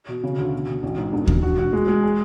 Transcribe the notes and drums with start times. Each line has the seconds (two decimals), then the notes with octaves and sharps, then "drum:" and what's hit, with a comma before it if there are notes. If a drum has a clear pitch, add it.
0.09 B2
0.24 C#3
0.38 D2
0.53 B2
0.68 B2
0.83 A1
0.98 G#2
1.13 E1
1.27 E1, drum: kick D#2
1.42 F#4
1.58 F#4
1.73 G#3
1.88 G#3
2.03 G#4